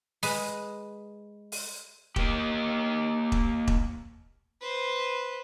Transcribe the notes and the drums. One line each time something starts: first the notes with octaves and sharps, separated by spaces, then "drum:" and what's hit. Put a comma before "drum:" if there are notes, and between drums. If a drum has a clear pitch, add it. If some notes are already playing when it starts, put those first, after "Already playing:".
G#3 G#4 B4, drum: open hi-hat
drum: open hi-hat
A#3 G4, drum: kick E1
drum: kick E1
drum: kick E1
B4 C5